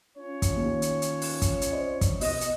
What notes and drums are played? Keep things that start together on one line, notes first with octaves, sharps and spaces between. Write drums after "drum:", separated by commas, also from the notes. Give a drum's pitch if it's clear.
C#4 F4 C#5
drum: kick, hi-hat
D#2 D#3
drum: hi-hat
drum: hi-hat
drum: open hi-hat
drum: kick, hi-hat
drum: hi-hat
C5 D5 D#5
drum: kick, hi-hat
B2 B3 D#5, drum: open hi-hat
drum: hi-hat